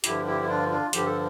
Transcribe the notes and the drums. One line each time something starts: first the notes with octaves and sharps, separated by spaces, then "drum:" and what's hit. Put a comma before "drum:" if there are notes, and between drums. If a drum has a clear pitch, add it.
G2 D3 F3 E4 G4, drum: hi-hat
E4 G4
E4
D4 F4
D4 F4
G2 D3 F3 G4, drum: hi-hat
A4